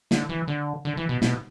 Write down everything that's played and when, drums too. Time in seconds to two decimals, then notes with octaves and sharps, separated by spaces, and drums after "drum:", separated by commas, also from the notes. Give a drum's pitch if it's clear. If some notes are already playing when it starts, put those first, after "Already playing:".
0.11 D3, drum: snare
0.29 E3
0.48 D3
0.85 D3
0.97 E3
1.09 B2
1.22 B2, drum: snare